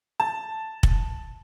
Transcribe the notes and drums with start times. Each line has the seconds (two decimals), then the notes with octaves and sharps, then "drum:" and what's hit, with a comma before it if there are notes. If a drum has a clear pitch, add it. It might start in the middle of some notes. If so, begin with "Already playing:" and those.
0.20 A5
0.83 drum: kick